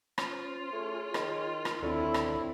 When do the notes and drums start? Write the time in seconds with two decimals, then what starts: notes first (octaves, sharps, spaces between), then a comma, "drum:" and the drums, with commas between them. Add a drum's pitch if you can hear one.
0.18 C#4 F4 C5, drum: rim click
0.72 A3 G#4 C#5
1.14 D#3, drum: rim click
1.65 drum: rim click
1.82 D#2 D3 C4 E4 C#5
2.14 drum: rim click